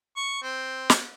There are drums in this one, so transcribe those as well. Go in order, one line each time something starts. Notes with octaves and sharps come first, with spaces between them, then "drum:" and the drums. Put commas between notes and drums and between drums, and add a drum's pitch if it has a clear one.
C#6
C4
drum: snare